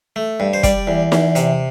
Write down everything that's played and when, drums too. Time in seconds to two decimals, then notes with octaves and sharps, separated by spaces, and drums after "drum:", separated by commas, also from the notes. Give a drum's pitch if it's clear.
0.16 A3
0.40 G2
0.54 C5
0.63 G3 D5, drum: kick, hi-hat
0.87 E2
1.12 E2, drum: snare
1.35 C3, drum: hi-hat